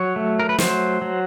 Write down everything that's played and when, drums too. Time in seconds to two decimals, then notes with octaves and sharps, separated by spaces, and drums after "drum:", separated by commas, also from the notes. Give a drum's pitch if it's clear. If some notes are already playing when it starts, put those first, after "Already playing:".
Already playing: F#3 C#5
0.16 A3
0.40 A#4
0.49 B4
0.58 F#3 C5, drum: snare
1.02 F#3